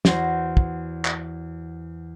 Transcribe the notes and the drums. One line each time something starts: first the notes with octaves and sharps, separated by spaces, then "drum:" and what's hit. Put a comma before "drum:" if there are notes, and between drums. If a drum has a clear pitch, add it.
E2 F#4 C5 A#6, drum: snare
drum: kick
drum: clap